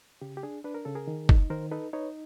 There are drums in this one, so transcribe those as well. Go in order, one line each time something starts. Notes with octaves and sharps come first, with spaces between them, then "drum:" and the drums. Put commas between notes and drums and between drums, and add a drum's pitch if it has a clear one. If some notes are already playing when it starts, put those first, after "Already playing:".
C#3 G4
G4
D4 G#4
D4 B4
A#4
C#3 A4
G#4 A#4
D#3
D#4, drum: kick
D#3 A#4 C5
D#4 A4 B4
D#4 B4 C#5